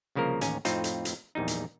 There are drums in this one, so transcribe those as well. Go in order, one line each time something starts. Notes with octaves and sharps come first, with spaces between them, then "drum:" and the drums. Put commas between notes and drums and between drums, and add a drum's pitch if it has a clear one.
C2 C#3 F3 A#3 A#4
A1 D#2 C#4 G#5 A#5, drum: hi-hat
F2 A2 C4 D#4 F4, drum: hi-hat
drum: hi-hat
drum: hi-hat
A#1 E2 G3 D#4
drum: hi-hat